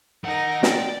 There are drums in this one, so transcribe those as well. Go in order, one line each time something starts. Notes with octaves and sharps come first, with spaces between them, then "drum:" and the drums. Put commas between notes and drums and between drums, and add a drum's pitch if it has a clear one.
D#3 D#4 A#4 F#5 A#6
D5 G5, drum: snare